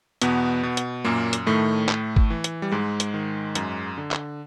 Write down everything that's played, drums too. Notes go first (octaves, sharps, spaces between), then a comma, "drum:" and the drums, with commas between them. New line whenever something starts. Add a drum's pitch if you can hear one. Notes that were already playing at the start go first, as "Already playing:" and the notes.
E2 B2 B3, drum: hi-hat
B2
drum: hi-hat
F#2 A#2 A#3
drum: hi-hat
A2 D#3 A3
A2, drum: clap
drum: kick
E3
drum: hi-hat
G3
G#2 G#3
drum: hi-hat
D#3
F#2, drum: hi-hat
D3
drum: clap